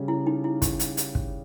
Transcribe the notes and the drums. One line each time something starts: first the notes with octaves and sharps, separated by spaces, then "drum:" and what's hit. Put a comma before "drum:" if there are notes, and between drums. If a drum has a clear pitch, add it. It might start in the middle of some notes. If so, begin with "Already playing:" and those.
Already playing: C#3 G3 C#4
E4
D#4
E4
G4, drum: kick, hi-hat
drum: hi-hat
drum: hi-hat
drum: kick